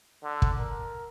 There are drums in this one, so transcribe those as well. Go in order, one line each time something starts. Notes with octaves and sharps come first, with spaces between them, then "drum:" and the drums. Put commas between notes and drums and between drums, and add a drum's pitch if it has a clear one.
D3
drum: kick
A#4